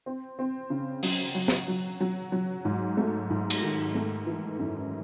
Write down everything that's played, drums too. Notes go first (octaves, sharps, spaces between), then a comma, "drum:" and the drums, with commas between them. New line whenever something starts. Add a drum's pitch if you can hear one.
C4
C4
C#3
F#3, drum: open hi-hat
F#3
drum: snare
F#3
F#3
F#3
G#2
A3
G#2
drum: cymbal
D#3
A3
E3
F#2